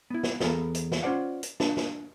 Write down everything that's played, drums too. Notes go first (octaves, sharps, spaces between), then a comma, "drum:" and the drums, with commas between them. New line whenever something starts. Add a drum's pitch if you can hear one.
B3 E4
drum: snare
E2 B3 A4 A#4, drum: snare
drum: hi-hat
drum: snare
C#4 F4 C5 D5 F#5
drum: hi-hat
D4, drum: snare
drum: snare